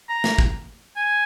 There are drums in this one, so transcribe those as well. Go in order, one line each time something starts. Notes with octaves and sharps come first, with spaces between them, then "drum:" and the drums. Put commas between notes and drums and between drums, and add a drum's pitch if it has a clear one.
A#5
drum: snare
drum: kick
G#5